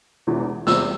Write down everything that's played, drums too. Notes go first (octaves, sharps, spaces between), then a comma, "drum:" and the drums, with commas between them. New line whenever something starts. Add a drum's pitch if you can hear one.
E1 E2 E3
E2 C3 G3 E6, drum: snare